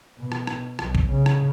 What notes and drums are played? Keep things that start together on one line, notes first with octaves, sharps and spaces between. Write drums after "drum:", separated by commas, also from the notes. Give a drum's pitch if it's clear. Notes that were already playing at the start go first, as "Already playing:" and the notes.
B2
drum: rim click
drum: rim click
B1, drum: rim click
drum: kick
C#3
drum: rim click